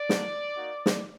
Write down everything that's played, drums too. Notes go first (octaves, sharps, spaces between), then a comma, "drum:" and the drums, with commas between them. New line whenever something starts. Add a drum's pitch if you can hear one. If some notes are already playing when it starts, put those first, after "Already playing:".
Already playing: D5
A#3 D4 F#4, drum: snare
A#3 D#4 F#4
drum: snare